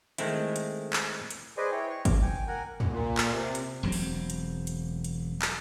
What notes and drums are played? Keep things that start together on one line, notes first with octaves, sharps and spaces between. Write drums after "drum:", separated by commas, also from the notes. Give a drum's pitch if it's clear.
D#3 G#3 A3 C4 E4, drum: hi-hat
drum: hi-hat
drum: clap
drum: hi-hat
G#4 B4 C5 D5 D#5 G#5
E4 C#5 G5
C#6
D6, drum: kick, hi-hat
G5 G#5
A#4 F#5 G#5
drum: tom
A#2
drum: clap
C3
drum: hi-hat
E1 F#3 C4
drum: open hi-hat
drum: hi-hat
drum: hi-hat
drum: hi-hat
drum: clap